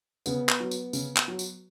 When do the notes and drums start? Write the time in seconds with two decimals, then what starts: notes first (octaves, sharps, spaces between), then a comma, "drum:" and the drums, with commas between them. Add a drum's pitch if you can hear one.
0.26 C#3 B3, drum: tambourine
0.49 drum: clap
0.60 F#3
0.71 drum: tambourine
0.93 C#3, drum: tambourine
1.16 drum: clap
1.28 F#3
1.39 drum: tambourine